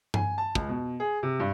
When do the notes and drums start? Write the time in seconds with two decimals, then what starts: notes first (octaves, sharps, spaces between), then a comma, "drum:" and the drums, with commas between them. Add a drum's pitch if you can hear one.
0.14 G#5, drum: tom G2
0.38 A5
0.55 C#2, drum: kick
0.69 B2
1.00 G#4
1.23 C3
1.40 G2